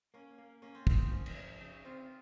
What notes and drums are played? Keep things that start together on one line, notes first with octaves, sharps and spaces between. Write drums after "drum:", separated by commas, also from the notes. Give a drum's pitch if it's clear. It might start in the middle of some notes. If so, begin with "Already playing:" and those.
A#3 C#4
A#3
A#3 C#4
C4
D#3 D#4, drum: kick
C4
F3 C#4
drum: cymbal
F3
C#3 D#4
D#4
C4 F4
F4